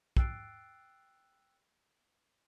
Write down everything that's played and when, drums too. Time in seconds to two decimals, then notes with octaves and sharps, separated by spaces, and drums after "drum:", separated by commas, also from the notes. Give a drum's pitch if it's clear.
0.17 G5 E6 F#6 A6 C7 D7, drum: kick